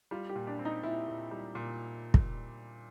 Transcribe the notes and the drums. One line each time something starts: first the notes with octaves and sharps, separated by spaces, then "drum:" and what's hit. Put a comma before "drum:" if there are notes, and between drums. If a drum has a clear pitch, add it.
G3 F4
G4
A#2
D4
C4
D#4
A#2 E4
A#2
G3
A#2
drum: kick